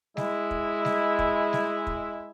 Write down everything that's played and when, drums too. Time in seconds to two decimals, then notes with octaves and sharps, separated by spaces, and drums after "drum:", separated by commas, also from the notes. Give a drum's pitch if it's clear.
0.17 G#3 E4, drum: snare G3
0.51 drum: kick
0.85 drum: snare G3
1.19 drum: kick
1.53 drum: snare G3
1.87 drum: kick